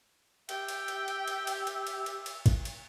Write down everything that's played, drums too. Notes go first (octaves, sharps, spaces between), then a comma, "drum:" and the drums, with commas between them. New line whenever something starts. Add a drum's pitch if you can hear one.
G4 E5 G5, drum: cymbal
drum: cymbal
drum: cymbal
drum: cymbal
drum: cymbal
drum: cymbal
drum: cymbal
drum: cymbal
drum: cymbal
drum: cymbal
drum: kick, cymbal
drum: cymbal